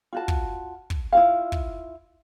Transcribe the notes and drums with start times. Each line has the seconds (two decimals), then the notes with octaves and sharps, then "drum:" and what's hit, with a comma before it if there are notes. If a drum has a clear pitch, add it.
0.13 F4 F#4 A5
0.28 drum: kick
0.90 drum: kick
1.13 E4 F4 F5
1.52 drum: kick